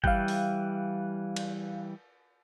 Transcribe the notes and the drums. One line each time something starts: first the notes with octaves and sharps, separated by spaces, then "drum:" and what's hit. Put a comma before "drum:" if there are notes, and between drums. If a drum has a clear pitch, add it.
E3 G3 F5 G5 F#6, drum: kick
drum: open hi-hat
drum: cymbal